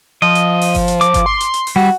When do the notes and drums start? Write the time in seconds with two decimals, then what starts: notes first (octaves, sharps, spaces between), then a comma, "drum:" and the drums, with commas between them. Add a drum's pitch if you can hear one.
0.22 F3 D#5
0.35 drum: hi-hat
0.62 drum: open hi-hat
0.75 drum: kick G1, open hi-hat
0.88 drum: hi-hat
1.01 D6, drum: hi-hat
1.14 drum: kick G1, hi-hat
1.26 C6
1.40 drum: hi-hat
1.54 drum: hi-hat
1.67 drum: open hi-hat
1.76 G3 F#4